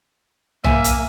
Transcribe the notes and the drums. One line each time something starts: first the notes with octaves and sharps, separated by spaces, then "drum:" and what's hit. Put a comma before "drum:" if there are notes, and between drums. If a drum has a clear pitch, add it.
A#3 E5 G#5, drum: tom B1
drum: hi-hat